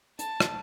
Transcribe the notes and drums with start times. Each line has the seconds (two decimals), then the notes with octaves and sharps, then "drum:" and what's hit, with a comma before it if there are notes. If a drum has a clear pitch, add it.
0.19 A5, drum: hi-hat
0.40 drum: rim click